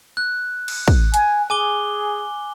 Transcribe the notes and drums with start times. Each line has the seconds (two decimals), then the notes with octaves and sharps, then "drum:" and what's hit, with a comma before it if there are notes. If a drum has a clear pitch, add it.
0.17 F#6
0.68 drum: cymbal
0.88 drum: kick
1.14 G#5, drum: hi-hat
1.50 G#4 G#5 D6 G7